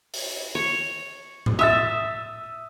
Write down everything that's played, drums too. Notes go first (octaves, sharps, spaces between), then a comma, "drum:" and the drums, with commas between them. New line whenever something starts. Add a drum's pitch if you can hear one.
drum: open hi-hat
C#5
drum: tom A2
E5 D#6 E6 A6